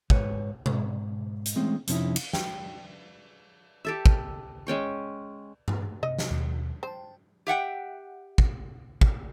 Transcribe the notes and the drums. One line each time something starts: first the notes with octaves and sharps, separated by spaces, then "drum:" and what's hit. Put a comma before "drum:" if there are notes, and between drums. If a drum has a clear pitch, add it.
G#2 B4 C#5, drum: kick
G#2, drum: tom B2
drum: hi-hat
E3 G#3 A3 C4 C#4
F2 C3 F3 C#4 D#4 E4, drum: hi-hat
drum: cymbal
G5, drum: snare
G4 A4 E5
drum: kick
G#3 C#4 G5 C#6
drum: tom G2
C3 D#5
drum: snare
D#2 B2
C5 G5 A5
G4 E5 F#5 G5
drum: kick
drum: kick